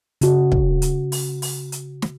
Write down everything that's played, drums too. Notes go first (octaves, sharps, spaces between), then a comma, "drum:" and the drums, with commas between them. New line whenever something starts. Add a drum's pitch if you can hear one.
C#3 F#4, drum: hi-hat
drum: kick
drum: hi-hat
drum: open hi-hat
drum: open hi-hat
drum: hi-hat
drum: snare